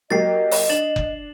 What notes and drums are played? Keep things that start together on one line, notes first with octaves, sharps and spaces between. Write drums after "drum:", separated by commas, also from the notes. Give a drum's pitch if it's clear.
F#3 A#3 G4 D#5 A6 C7
drum: open hi-hat
D4 A6 E7 F#7
drum: kick F#1